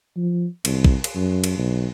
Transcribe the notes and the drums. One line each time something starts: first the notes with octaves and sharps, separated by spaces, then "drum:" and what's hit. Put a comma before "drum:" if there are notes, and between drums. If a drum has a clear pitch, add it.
F3
C2, drum: cymbal
drum: kick
drum: cymbal
F#2
drum: cymbal
B1